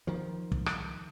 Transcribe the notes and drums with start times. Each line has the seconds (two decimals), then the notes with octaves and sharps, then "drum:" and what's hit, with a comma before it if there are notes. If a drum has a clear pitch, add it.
0.07 D#3 F3
0.52 drum: kick
0.66 drum: rim click